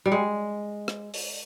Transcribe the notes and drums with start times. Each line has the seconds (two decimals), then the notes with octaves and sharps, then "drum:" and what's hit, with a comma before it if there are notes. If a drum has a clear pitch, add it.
0.06 G3
0.12 G#3
0.88 drum: rim click
1.14 drum: open hi-hat